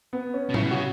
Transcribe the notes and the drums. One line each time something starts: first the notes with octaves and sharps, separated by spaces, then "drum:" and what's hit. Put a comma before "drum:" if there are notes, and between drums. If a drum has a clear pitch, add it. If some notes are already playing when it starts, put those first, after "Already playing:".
B3
C#4
B2
C#3 E4, drum: tom A2
B2
C#3 F#4